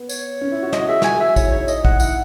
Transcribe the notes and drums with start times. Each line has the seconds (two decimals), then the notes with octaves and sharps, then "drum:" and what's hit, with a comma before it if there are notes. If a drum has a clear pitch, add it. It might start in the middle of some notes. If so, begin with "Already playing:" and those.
Already playing: B3
0.09 C#5, drum: tambourine
0.41 C#4
0.52 E4
0.63 F#4
0.73 F#4 D#5, drum: snare
0.88 G#4 E5
1.02 F#4 G#5, drum: snare
1.15 G#4
1.21 E5
1.36 E4 C#5, drum: kick, tambourine
1.52 D#4 C#5
1.68 D#5, drum: tambourine
1.85 F#5, drum: kick
2.00 E4 F#5, drum: tambourine